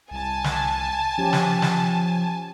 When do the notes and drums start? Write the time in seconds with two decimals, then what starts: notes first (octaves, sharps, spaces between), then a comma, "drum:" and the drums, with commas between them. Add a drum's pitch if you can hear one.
0.11 C2 G#5 A5
0.44 drum: snare
1.18 F3 C#4 G4
1.33 drum: snare
1.62 drum: snare